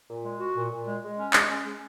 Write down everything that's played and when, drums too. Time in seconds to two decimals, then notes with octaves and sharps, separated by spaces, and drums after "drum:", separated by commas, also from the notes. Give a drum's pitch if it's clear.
0.09 A#2
0.25 G#3
0.40 F#4
0.55 A#2
0.71 A#2
0.87 G#3
1.03 G#3
1.18 C#4
1.33 G#3, drum: clap
1.49 C#4
1.65 G#3